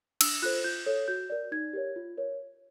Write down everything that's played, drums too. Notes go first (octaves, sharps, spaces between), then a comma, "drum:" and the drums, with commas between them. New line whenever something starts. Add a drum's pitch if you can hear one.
D4 E6, drum: cymbal
F4 A4 C5 F#6
F4 G6
A4 C#5
F#4 G6
A#4 D5
D#4 G#6
G4 A#4 C#5
F4
A#4 C#5